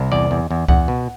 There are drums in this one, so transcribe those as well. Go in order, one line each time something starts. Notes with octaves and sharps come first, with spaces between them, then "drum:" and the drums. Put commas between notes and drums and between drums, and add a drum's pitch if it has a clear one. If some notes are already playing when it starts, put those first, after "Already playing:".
Already playing: C2
E2 D5
E2
E2
E2 F#5, drum: kick C#2
B2